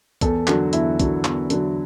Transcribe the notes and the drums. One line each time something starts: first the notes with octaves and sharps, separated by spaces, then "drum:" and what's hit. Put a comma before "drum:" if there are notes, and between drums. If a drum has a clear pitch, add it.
E2 A4, drum: kick, hi-hat
D3 F#3 F#4, drum: clap
E2 E4, drum: hi-hat
D3 F#3, drum: kick, hi-hat
E2, drum: clap
D3 F#3, drum: hi-hat